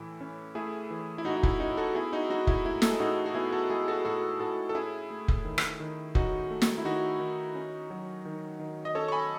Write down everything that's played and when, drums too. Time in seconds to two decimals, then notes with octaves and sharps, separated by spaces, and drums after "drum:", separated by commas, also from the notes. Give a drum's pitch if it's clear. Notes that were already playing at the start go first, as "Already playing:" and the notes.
Already playing: A2 E3 A3 E4
0.21 C#4
0.55 A3 E4 G#4
0.91 E3
1.18 E4
1.25 A2 D#4 F#4
1.36 D#4
1.43 E4, drum: kick F1
1.60 C#4 D#4 F#4
1.77 F#4 A4
1.95 B3 E4 G#4
2.13 D#4 F#4
2.30 G#3 D#4 F#4
2.47 E4, drum: kick F1
2.65 A2 E4
2.82 A4, drum: snare
2.91 G#4
3.00 A2 D#4 F#4
3.26 F#4
3.35 B3 E4 G#4
3.52 F#4 A4
3.70 G#3 E4 G#4
3.88 F#4 A4
4.05 A2 F#4 A4
4.40 A2 F#4 A4
4.69 A4
4.75 C#4 E4 G#4
5.10 A3
5.28 drum: kick F1
5.45 D#3
5.58 drum: rim click
5.80 D#3
6.15 C#4 D#4 F#4, drum: kick F1
6.50 A3
6.62 drum: snare
6.78 E4
6.85 D#3 D#4 F#4
7.20 D#3
7.55 C#4
7.90 F#3
8.25 D#3
8.59 D#3
8.85 D#5
8.95 C#4 A4 C#5
9.08 C#6
9.12 G#5 B5